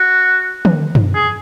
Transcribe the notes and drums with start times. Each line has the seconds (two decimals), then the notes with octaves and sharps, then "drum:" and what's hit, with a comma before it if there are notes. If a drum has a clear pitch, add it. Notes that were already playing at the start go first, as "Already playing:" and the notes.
Already playing: F#4
0.65 drum: tom
0.95 drum: tom
1.15 G#4